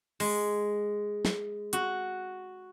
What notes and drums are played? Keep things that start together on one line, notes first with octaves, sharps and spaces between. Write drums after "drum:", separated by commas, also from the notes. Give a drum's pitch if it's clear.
G#3, drum: open hi-hat
drum: snare
F#4, drum: hi-hat